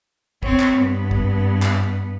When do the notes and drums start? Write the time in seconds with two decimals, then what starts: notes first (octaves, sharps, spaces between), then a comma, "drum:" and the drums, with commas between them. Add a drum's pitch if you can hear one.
0.43 C4 C#5, drum: kick
0.60 drum: clap
0.78 G2 B3
1.11 drum: kick
1.62 drum: clap